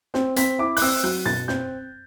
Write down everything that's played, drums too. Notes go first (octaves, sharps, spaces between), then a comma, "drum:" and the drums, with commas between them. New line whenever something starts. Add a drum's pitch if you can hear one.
C4, drum: snare
C4 B6, drum: hi-hat
E4 D6
F#6, drum: open hi-hat
C4 E6
F#3 F#6
B2 A6, drum: tom F#2
C4 G6, drum: snare